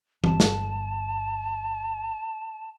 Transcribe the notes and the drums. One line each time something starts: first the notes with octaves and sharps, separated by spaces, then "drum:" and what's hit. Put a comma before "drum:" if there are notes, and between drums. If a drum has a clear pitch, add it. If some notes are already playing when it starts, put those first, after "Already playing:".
G1 G2 A5, drum: tom E3
drum: snare